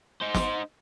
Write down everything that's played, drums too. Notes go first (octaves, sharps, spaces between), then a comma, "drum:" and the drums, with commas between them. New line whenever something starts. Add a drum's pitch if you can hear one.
D#4 C5
drum: snare